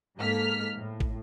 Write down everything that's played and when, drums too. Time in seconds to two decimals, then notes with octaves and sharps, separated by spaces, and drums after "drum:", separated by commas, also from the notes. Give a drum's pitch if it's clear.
0.17 G#2 A#3 A4 F6 B6
0.75 A2
1.00 drum: kick